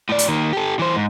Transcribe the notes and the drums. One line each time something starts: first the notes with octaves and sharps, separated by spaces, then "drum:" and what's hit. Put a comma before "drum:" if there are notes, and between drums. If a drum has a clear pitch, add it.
A2 D5
drum: hi-hat
D#3 A#3
G4 A4
E3 C5
G#2